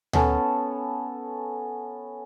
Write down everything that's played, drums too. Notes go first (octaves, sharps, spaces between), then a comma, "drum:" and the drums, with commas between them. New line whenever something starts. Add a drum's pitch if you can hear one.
B3 C#4 A4, drum: tom D2